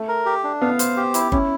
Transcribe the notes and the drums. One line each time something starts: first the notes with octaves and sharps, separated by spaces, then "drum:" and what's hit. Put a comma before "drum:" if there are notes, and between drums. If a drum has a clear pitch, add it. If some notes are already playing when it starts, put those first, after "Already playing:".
Already playing: A3
A#4
G4
D4
B3 F5
C5, drum: hi-hat
G4
E4, drum: hi-hat
C#4 E4, drum: kick G1